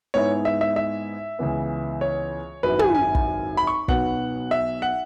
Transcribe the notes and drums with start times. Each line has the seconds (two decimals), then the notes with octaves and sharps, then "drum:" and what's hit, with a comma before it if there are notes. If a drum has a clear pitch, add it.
0.14 G#2 G#3 B3 E4 C#5
0.45 E5
0.61 E5
0.76 E5
1.39 C#2 C#3 E3 B3
2.01 C#5
2.63 G#1 F#2 F#3 E4 B4
2.79 G#5, drum: tom
2.95 G#5
3.15 drum: kick
3.57 B5
3.67 C#6
3.88 B1 B2 F#3 B3 F#5, drum: kick
4.51 E5
4.82 F#5